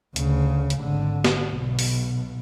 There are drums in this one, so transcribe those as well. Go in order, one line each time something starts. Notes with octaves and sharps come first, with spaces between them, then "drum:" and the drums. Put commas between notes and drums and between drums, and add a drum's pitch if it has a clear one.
D2 C#3, drum: hi-hat
drum: hi-hat
G#1 D3
drum: snare
B1 B2
drum: open hi-hat